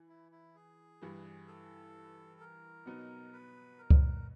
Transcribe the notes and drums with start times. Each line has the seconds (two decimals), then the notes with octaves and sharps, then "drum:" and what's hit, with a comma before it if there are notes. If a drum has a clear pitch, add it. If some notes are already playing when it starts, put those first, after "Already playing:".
Already playing: E3
0.08 E4
0.32 E4
0.55 G#4
1.02 G2 E3 G3
1.47 A4
2.40 A#4
2.86 B2 F#3 B3 D#4
3.33 B4
3.79 A#4
3.90 drum: kick C#2